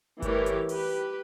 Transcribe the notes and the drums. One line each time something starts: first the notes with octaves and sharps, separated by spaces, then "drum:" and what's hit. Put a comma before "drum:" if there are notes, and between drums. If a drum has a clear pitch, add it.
E3 G3 A3 G4 A#4 C#5, drum: kick G1, hi-hat
drum: hi-hat
G4 B4, drum: open hi-hat